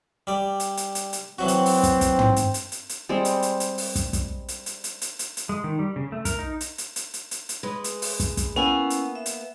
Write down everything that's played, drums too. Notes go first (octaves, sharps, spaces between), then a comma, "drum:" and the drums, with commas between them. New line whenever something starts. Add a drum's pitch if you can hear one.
G3 D5
drum: hi-hat
drum: hi-hat
drum: hi-hat
drum: hi-hat
E3 F#3 C4 F#4
drum: hi-hat
drum: open hi-hat
drum: kick, hi-hat
drum: kick, hi-hat
drum: tom
drum: hi-hat
drum: hi-hat
drum: hi-hat
drum: hi-hat
G3 G#3 C4
drum: hi-hat
drum: hi-hat
drum: hi-hat
drum: open hi-hat
drum: kick, hi-hat
drum: kick, hi-hat
drum: hi-hat
drum: hi-hat
drum: hi-hat
drum: hi-hat
drum: hi-hat
drum: hi-hat
G#3
D#3
G3
C#3
A3
A#4, drum: kick, hi-hat
D#4
drum: hi-hat
drum: hi-hat
drum: hi-hat
drum: hi-hat
drum: hi-hat
drum: hi-hat
G#3 B4
drum: hi-hat
drum: open hi-hat
drum: kick, hi-hat
drum: kick, hi-hat
A#3 B3 C#4 E4 F#5 G#5
drum: hi-hat
E5
drum: hi-hat